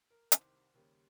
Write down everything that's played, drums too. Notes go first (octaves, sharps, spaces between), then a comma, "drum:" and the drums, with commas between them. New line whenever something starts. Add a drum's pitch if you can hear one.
A#4
C2 C3 D#3 C5, drum: hi-hat
D#2 C#3 G3 A#3